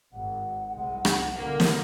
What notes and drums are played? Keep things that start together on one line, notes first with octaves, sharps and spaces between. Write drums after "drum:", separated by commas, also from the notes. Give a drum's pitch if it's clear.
G#1 F#5
C2 G#3
drum: rim click
B2 D3 A#3 B3
drum: snare